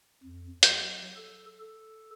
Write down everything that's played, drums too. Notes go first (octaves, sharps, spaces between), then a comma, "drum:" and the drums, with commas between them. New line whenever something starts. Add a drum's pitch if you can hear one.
F2
F#3, drum: hi-hat
A4
A4